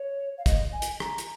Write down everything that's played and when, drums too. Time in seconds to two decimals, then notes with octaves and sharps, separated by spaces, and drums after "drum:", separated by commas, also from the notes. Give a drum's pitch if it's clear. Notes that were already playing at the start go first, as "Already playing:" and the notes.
Already playing: C#5
0.38 F5
0.46 D#5, drum: kick, hi-hat
0.72 G#5
0.82 drum: hi-hat
1.00 A#5, drum: rim click
1.18 drum: hi-hat